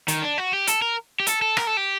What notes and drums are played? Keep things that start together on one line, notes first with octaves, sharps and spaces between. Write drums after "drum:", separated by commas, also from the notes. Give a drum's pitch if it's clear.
D#3, drum: hi-hat
D4
F#4
G4
A4, drum: hi-hat
A#4
G4
A4, drum: hi-hat
A4
A#4, drum: rim click
A4
G4